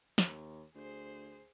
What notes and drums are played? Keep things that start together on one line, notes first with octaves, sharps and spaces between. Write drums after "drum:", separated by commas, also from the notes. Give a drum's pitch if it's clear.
D#2, drum: snare
D2 G#4 C5